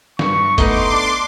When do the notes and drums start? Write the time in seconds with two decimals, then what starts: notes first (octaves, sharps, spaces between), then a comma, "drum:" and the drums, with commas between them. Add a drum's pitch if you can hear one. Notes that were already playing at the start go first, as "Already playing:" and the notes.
0.19 G2 C#6, drum: snare
0.58 A3 B3 D#4 C6 D6, drum: kick F#1, hi-hat
0.91 D4